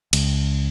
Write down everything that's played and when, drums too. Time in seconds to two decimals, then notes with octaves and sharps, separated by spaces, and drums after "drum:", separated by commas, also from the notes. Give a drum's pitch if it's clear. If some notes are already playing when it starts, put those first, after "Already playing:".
0.13 C#2, drum: cymbal